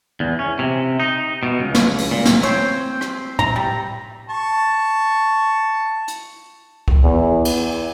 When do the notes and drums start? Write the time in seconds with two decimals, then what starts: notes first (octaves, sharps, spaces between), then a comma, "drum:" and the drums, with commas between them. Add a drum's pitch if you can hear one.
0.20 E2
0.39 C#4
0.59 C3
1.00 D#4
1.43 B2
1.60 C#2
1.75 drum: snare
1.98 drum: open hi-hat
2.11 A#2
2.25 drum: snare
2.43 C4 C5 C#5, drum: hi-hat
3.01 drum: rim click
3.39 A#5, drum: tom
3.56 G3
4.30 A5 C#6
6.08 drum: hi-hat
6.88 drum: kick
7.03 E2
7.45 E2, drum: cymbal